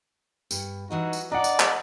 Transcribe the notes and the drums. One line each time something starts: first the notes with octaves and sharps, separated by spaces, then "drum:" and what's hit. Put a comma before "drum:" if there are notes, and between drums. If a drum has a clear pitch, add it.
G2, drum: tambourine
E3 F#3 D#4 F#4 D#5
drum: tambourine
D4 D5 D#5 F#5 A#5
drum: tambourine
drum: clap